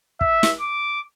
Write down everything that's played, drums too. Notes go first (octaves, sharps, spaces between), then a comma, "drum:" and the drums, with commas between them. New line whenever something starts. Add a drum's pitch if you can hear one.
E5, drum: kick
drum: snare
D6